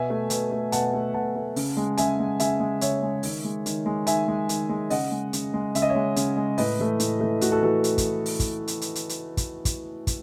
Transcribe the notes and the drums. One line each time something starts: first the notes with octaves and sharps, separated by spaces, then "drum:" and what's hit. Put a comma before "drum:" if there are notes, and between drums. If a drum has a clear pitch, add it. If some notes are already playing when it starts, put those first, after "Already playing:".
Already playing: B2 E5 G#5
A3
B2, drum: hi-hat
A3
B2 F#5 A5, drum: hi-hat
A3
B2 F#5 A5
A3
C#3, drum: open hi-hat
G#3
C#3 E5 G#5, drum: hi-hat
G#3
C#3 E5 G#5, drum: hi-hat
G#3
C#3 C#5 E5, drum: hi-hat
G#3
D#3, drum: open hi-hat
G#3
D#3, drum: hi-hat
G#3
D#3 E5 G#5, drum: hi-hat
G#3
D#3, drum: hi-hat
G#3
C#3 D#5 F#5, drum: open hi-hat
G#3
C#3, drum: hi-hat
G#3
C#3 E5, drum: hi-hat
D#5
C#5 E5
G#3
C#3, drum: hi-hat
G#3
A2 B4 D#5, drum: open hi-hat
E3 A3
A2, drum: hi-hat
E3 A3
A2 F#4, drum: hi-hat
F#4 A4
E3 A3 F#4 A4
drum: hi-hat
drum: kick, hi-hat
drum: open hi-hat
drum: kick, hi-hat
drum: hi-hat
drum: hi-hat
drum: hi-hat
drum: hi-hat
drum: kick, hi-hat
drum: kick, hi-hat
drum: kick, hi-hat